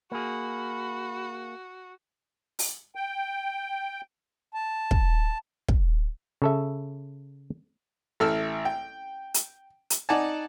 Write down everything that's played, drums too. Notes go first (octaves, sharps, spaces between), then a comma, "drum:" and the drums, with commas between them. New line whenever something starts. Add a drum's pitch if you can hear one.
A#3 F#4 G#4 B5
drum: open hi-hat
G5
A5
drum: kick
drum: kick
C#3 A4 E5
A1 A4 E5 E6 F6
G5
drum: hi-hat
drum: hi-hat
D#4 D5 F#5 G#5 A5